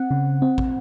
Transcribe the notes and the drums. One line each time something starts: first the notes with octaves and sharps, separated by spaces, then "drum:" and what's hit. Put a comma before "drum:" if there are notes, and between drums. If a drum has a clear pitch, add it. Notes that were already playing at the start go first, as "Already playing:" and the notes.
Already playing: C4 F#5
C#3
C4
drum: kick